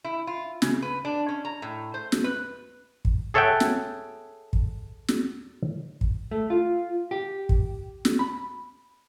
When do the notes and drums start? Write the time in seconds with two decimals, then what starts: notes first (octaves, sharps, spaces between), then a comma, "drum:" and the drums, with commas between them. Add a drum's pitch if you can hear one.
0.04 E4
0.27 F4
0.62 C#3, drum: snare
0.82 B4
1.05 D4
1.29 C#4
1.45 A#5
1.62 A2
1.94 C5
2.12 drum: snare
2.24 B4
3.05 drum: kick
3.34 G#4 A4 C#5 E5 F#5 G5
3.60 drum: snare
4.53 drum: kick
5.08 drum: snare
6.01 drum: kick
6.31 A3
6.50 F4
7.11 G4
7.49 drum: kick
8.05 drum: snare
8.19 B5